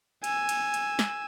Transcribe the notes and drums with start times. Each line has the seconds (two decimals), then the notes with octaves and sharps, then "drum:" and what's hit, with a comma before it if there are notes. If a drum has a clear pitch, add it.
0.24 G#5 E6, drum: cymbal
0.49 drum: cymbal
0.74 drum: cymbal
0.99 drum: snare